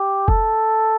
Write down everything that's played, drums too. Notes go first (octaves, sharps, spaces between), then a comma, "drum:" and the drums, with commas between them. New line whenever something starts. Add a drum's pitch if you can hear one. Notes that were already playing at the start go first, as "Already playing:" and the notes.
Already playing: G4
A4, drum: kick F1